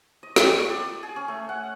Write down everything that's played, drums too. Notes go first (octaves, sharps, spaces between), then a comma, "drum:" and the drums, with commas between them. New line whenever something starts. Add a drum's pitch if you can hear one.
D#5
G4, drum: snare
C#6
D5
D#6
G#4
C#4
A3
F#5